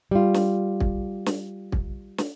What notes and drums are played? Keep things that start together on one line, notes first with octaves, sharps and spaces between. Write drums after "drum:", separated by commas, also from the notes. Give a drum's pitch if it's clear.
G3 F4
drum: snare
drum: kick
drum: snare
drum: kick
drum: snare